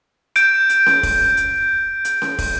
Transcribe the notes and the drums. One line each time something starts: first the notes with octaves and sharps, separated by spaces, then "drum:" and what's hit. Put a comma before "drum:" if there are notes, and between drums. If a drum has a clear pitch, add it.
G6 D7, drum: hi-hat
drum: hi-hat
drum: snare C#4
drum: kick, open hi-hat
drum: hi-hat
drum: hi-hat
drum: snare C#4
drum: kick, open hi-hat